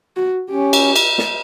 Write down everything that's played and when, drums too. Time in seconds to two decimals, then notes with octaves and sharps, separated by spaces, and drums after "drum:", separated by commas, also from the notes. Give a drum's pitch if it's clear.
0.17 F#4
0.50 C#4 G4
0.73 drum: cymbal
0.96 drum: cymbal
1.18 drum: snare